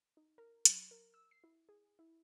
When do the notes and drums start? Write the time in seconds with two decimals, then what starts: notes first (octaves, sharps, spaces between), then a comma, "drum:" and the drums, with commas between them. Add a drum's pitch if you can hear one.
0.17 D#4
0.38 A#4
0.65 F#3, drum: hi-hat
0.91 A#4
1.14 E6
1.31 C7
1.44 E4
1.69 G#4
1.99 E4